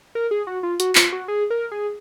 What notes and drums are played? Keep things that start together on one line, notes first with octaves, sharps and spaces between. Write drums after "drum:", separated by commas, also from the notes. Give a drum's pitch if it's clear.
A#4
G#4
F#4
F4
F#4, drum: hi-hat
F4, drum: clap
F#4
G#4
A#4
G#4